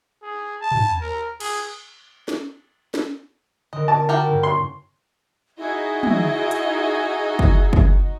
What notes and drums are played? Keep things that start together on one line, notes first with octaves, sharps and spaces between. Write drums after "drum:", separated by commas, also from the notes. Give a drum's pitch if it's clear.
G#4
A5
drum: tom
A#4
G#4, drum: cymbal
drum: snare
drum: snare
D3 C4 A#4 D#5
C#4 A5 D6 A#6
F#4 G4 A#4
G2 C#3 E4
C#5 C6 C#6
D#4 E4 F#4 G#4 D#5
drum: tom
drum: hi-hat
drum: kick
drum: kick